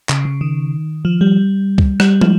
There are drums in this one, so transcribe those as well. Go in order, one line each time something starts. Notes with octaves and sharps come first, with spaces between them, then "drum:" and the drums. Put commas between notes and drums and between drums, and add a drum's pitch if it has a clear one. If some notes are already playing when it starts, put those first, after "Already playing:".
C#3, drum: clap
C#3
D#3
F3
G3
drum: kick C#2
G3, drum: rim click
F3, drum: tom